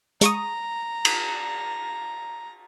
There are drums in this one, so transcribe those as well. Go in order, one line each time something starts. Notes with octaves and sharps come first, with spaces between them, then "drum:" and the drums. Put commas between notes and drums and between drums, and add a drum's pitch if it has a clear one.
G#3 A#5 C#6 D#6, drum: hi-hat
drum: cymbal